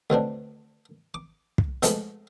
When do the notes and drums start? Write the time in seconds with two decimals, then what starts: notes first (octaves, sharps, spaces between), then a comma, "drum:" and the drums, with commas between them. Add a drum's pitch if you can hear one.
0.10 D2 B2 C4 D4
1.14 D6
1.58 drum: kick
1.83 B2 F3 G#3 A3 B3, drum: hi-hat